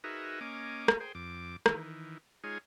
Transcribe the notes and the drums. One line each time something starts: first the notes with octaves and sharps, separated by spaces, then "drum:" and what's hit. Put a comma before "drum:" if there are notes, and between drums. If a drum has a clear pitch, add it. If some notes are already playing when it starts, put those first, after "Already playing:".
D#4 F#4 G#4 A#4 B4 E5
A#3 C#4 D#5 G#5 D6
drum: rim click
G#4 C5 G5
F2 D6
D#3 E3, drum: rim click
G#3 D#4 F4 G#4 C#5 G#5